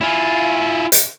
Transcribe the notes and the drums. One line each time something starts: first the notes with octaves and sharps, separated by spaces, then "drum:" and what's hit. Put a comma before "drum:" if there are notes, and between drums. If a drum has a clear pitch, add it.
E4 F4 G#5
drum: hi-hat